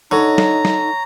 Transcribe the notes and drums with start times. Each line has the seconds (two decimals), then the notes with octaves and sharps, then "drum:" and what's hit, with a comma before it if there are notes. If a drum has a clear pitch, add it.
0.11 D3 D#4 C#5 A#5
0.38 drum: snare
0.65 drum: snare